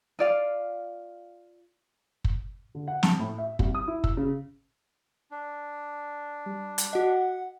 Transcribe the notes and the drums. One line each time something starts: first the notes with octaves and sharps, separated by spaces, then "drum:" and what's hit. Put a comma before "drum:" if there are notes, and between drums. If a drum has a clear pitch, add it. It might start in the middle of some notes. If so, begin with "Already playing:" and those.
F4 D5 F5
drum: kick
D3
F#5
A5, drum: snare
A2
E5
C2, drum: kick
D#6
E4
E6, drum: kick
C#3
D4
G3
drum: hi-hat
F#4 D#5 F#5